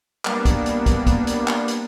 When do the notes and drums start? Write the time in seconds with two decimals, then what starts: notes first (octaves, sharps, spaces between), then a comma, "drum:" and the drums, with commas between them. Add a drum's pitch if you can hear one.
0.25 G3 A#3 B3 D4, drum: clap
0.45 drum: kick, hi-hat
0.66 drum: hi-hat
0.86 drum: kick, hi-hat
1.07 drum: kick, hi-hat
1.27 drum: hi-hat
1.47 drum: clap
1.68 drum: hi-hat